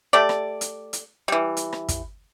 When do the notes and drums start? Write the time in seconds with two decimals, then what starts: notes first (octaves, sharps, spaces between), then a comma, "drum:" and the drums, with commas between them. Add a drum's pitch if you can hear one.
0.13 A3 G4 D5
0.29 drum: rim click
0.61 drum: hi-hat
0.93 drum: hi-hat
1.28 E3 G3
1.57 drum: hi-hat
1.73 drum: rim click
1.88 drum: kick, hi-hat